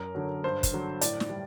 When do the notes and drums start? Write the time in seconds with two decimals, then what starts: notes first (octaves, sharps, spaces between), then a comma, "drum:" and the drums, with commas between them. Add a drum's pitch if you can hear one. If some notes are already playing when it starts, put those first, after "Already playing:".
Already playing: F#2 A#4
0.15 D3 F#3
0.44 G2 C5
0.63 drum: kick, hi-hat
0.73 D3 F#3
1.01 A2 D5, drum: hi-hat
1.20 drum: snare
1.29 G3